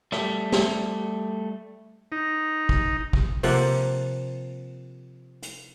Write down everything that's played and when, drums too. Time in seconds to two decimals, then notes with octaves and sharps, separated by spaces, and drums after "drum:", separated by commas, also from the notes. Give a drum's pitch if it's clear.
0.12 G3 A3, drum: rim click
0.52 drum: snare
2.12 D#4
2.69 drum: kick
3.13 drum: kick
3.43 C3 F3 A#3 F#5, drum: open hi-hat
5.43 drum: hi-hat